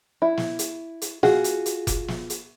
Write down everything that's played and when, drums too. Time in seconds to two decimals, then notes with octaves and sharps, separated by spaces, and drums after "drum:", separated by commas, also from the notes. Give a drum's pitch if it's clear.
0.22 E4
0.37 drum: snare
0.59 drum: hi-hat
1.02 drum: hi-hat
1.23 F4 F#4 G#4, drum: snare
1.44 drum: hi-hat
1.66 drum: hi-hat
1.87 drum: kick F1, hi-hat
2.08 drum: snare
2.30 drum: hi-hat